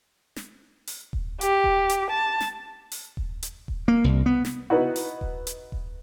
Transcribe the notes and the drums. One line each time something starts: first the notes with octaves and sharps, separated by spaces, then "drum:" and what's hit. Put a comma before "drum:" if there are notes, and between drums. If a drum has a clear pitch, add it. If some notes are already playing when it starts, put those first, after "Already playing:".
drum: snare
drum: open hi-hat
drum: kick D#1
G4, drum: hi-hat
drum: kick D#1
drum: hi-hat
A5
drum: snare
drum: open hi-hat
drum: kick D#1
drum: hi-hat
drum: kick D#1
A#3
C2
B3
drum: snare
B3 D#4 E4 F#4
drum: open hi-hat
drum: kick D#1
drum: hi-hat
drum: kick D#1